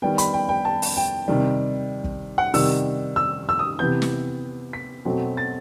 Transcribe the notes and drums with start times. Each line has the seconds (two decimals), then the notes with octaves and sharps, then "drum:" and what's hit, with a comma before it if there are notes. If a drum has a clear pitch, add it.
0.02 D#3 G3 B3 G5
0.18 B5, drum: hi-hat
0.34 G5
0.49 G5
0.65 A5
0.82 drum: open hi-hat
0.97 G5
1.28 C3 D#3 G3
2.04 drum: kick
2.38 F#5
2.54 C3 D#3 G3 E6, drum: open hi-hat
3.16 E6
3.49 E6
3.59 D#6
3.79 C3 E3 B3 G6
4.02 drum: snare
4.73 B6
5.05 B2 F#3 A3 C4
5.37 A6